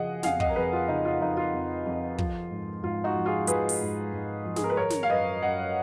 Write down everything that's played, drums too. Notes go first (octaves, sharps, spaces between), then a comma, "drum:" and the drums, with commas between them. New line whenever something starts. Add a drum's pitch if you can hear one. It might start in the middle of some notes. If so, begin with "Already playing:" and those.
Already playing: C#3 F3 G#4 D#5 F#5
F2 F5 G#5, drum: snare
D#5 F#5, drum: kick
A#4
F2 G#4 B4
F4
C#3 D#4
F4
F3 D#4
F4
F2
F2
F3, drum: kick
G#2
G#2 F4
D#4 F#4
F3
F4 G#4
F3 G#4 B4, drum: hi-hat
drum: open hi-hat
G#2
G#2
F3
G#4, drum: snare
A#4
B4
D#3 A#4 C#5
drum: snare
F5
F#2 B4 D#5
F#2 D#5 F#5